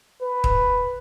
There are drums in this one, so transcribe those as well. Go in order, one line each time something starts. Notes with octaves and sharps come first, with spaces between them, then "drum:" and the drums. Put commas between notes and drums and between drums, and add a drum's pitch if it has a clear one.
B4
drum: kick